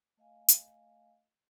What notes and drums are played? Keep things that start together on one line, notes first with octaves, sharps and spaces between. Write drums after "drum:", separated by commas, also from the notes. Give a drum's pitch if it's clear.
A3 D#5 F5 G#5
drum: hi-hat